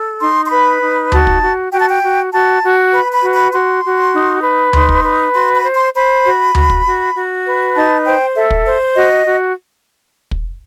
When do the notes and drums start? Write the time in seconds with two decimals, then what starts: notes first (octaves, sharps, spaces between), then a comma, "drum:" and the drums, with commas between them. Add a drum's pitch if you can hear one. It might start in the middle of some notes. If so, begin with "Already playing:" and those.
Already playing: A4
0.21 D#4 C6
0.45 C6
0.51 B4 B5
0.82 D#4
1.12 F#4 A5, drum: tom D2
1.27 drum: kick
1.42 F#4
1.72 F#4 G5
1.81 A5
1.89 G5
2.02 F#4
2.32 F#4 A5
2.63 F#4
2.92 B4 B5
3.12 B5
3.23 F#4
3.33 B5
3.53 F#4 C6
3.83 F#4
4.13 D#4
4.43 B4
4.73 D#4 C6, drum: tom D2
4.89 drum: kick
5.04 B4
5.34 F#4 C6
5.53 B5
5.64 C5
5.74 C6
5.94 C5 B5
6.24 F#4
6.55 F#4, drum: tom D2
6.70 drum: kick
6.85 F#4
7.15 F#4
7.45 B4
7.75 D#4 A5
8.05 C5 G5
8.35 A4 E5
8.50 drum: kick
8.65 C5
8.95 F#4 D#5
9.26 F#4
10.31 drum: kick